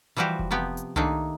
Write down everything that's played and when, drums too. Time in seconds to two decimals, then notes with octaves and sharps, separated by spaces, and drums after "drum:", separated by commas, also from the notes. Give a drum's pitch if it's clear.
0.16 E3 F3 G3 F#4 G4 C5
0.39 drum: kick F1
0.51 C3 F3 B3 G4
0.77 drum: hi-hat
0.96 D#3 A3 A#3 D4 D#4, drum: tom C2